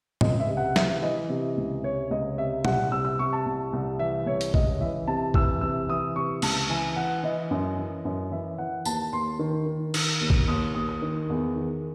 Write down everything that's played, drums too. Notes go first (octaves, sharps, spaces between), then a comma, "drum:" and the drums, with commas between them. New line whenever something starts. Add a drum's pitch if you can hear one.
C#2 D#5, drum: tom
E5
C3
F#5
E3 E5, drum: snare
E3 D#5
C3
C#2
C3 C#5
C#2 D#5
C3 E5
C2 F#5, drum: tom
C3 E6
E6
C3 C#6
A5
C2
C2
E3 E5
C2 C#5
drum: hi-hat
C#2 D#5, drum: kick
E3 E5
C3 A5
E3 E6, drum: kick
C3 E6
E3 D#6
C3 C#6
C#2 A5, drum: cymbal
E3 G#5
E3 F#5
E3 D#5
F#2
E3
F#2
E3 E5
E3 F#5
D#2 A5, drum: tambourine
D#2 C6
D#3
D#3
D#3, drum: cymbal
D#2
drum: kick
D#2 D#6
D#2 D#6
D#6
D#3
E2
D#3